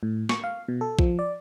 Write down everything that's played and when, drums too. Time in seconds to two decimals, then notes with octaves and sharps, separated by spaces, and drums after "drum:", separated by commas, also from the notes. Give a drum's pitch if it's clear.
0.03 A2
0.29 C#6, drum: snare
0.44 F5
0.68 B2
0.81 A4
0.99 F3, drum: kick B1
1.19 D5